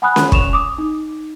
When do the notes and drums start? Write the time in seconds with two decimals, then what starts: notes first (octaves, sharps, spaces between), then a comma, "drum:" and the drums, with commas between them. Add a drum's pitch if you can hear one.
0.02 F#5 G#5 B5 D#6 F#6
0.16 drum: snare C#4
0.32 C#6 E7 F7, drum: kick
0.53 D6 D#6
0.78 D#4